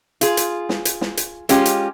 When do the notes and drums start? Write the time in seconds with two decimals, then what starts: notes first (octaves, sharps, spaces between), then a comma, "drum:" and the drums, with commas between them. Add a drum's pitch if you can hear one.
0.21 F4 G#4, drum: hi-hat
0.37 drum: hi-hat
0.69 drum: snare
0.85 drum: hi-hat
1.01 drum: snare
1.17 drum: hi-hat
1.49 G#3 C#4 F4 G4, drum: hi-hat
1.65 drum: hi-hat